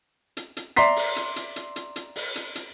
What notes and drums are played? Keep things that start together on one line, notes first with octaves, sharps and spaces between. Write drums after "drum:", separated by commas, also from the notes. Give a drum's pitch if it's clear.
drum: hi-hat
drum: hi-hat
D5 E5 A#5 C6 B6 C7, drum: hi-hat
drum: open hi-hat
drum: hi-hat
drum: hi-hat
drum: hi-hat
drum: hi-hat
drum: hi-hat
drum: open hi-hat
drum: hi-hat
drum: hi-hat